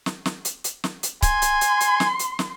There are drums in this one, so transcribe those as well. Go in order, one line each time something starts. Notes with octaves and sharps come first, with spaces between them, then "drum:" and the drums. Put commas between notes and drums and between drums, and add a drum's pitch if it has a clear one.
drum: snare
drum: snare
drum: hi-hat
drum: hi-hat
drum: snare
drum: hi-hat
G#5 C6, drum: kick C#1, hi-hat
drum: hi-hat
drum: hi-hat
drum: hi-hat
drum: snare
drum: hi-hat
drum: snare